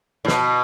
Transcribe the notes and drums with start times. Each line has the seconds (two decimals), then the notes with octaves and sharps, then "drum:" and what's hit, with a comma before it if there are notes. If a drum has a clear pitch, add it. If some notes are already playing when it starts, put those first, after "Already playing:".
0.25 A2
0.28 B2, drum: snare